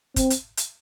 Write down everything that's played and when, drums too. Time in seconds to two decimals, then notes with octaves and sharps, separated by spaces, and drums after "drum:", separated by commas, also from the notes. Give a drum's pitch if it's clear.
0.16 C4, drum: kick, hi-hat
0.30 drum: hi-hat
0.57 drum: hi-hat